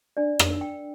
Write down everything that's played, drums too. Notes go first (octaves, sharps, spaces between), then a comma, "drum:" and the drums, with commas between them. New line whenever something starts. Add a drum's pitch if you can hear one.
D4 D5
drum: rim click
A#4
G5